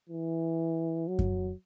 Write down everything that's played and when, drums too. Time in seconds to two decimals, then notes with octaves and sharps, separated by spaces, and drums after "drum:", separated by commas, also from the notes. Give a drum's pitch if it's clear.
0.09 E3
1.07 F#3
1.19 drum: kick F#2